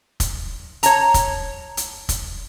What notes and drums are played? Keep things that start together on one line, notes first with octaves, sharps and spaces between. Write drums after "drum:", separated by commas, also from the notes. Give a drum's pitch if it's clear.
drum: kick F1, hi-hat
C#5 A5 A#5, drum: hi-hat
drum: kick F1, hi-hat
drum: hi-hat
drum: kick F1, hi-hat